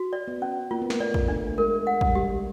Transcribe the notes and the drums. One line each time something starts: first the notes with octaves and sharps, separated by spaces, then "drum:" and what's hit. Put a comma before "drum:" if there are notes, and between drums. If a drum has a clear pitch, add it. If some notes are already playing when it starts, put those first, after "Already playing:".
Already playing: F#4
D5
B3
C#4
A#3 F4
B3
A#3, drum: snare
A3 D5
drum: kick
A3 D4
G#3 A#4
F#5
G3, drum: kick
G4